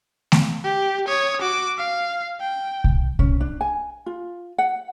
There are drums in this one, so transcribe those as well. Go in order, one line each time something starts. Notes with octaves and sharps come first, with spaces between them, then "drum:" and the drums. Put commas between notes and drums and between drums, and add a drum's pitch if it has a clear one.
drum: snare A3
G4
C#5 D#6
F#4 D6
F5
G5
drum: kick B1
C#4, drum: kick B1
D4
G#5
F4
F#5